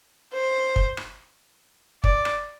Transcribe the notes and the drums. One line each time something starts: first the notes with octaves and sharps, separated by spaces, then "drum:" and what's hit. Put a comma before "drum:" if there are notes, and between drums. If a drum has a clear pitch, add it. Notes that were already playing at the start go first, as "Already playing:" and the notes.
C5
drum: kick
drum: rim click
D5, drum: kick
drum: rim click